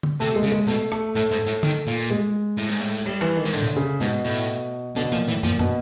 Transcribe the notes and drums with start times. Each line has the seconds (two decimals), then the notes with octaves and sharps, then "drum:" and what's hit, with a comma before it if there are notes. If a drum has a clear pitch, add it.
0.03 drum: tom
0.20 C3 A3
0.36 G#3
0.44 C#3
0.52 G#3
0.67 B2 A3
0.92 A3, drum: rim click
1.15 A2 A3
1.31 G#2
1.46 A2
1.63 D#3, drum: tom
1.87 A#2
2.11 G#3
2.58 A2
2.70 G#2
2.80 A2
3.06 G3, drum: cymbal
3.21 E3, drum: clap
3.37 D#3
3.45 G#2
3.53 A2 D3
3.63 drum: tom
3.76 C#3
4.00 G#2 B2
4.24 A2
4.96 B2 D3
5.12 A#2 F3
5.28 A2 E3
5.43 A#2 F3, drum: tom
5.59 B2, drum: tom